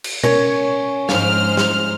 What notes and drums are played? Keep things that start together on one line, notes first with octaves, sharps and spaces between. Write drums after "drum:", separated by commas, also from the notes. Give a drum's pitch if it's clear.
drum: cymbal
C#4 A#4 C#5, drum: tom B2
G#2 F3 D4 C5 F6, drum: snare
drum: snare